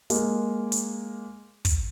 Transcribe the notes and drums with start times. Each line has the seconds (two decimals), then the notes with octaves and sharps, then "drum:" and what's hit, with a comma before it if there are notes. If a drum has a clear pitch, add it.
0.10 G#3 A#3, drum: hi-hat
0.72 drum: hi-hat
1.65 drum: kick, hi-hat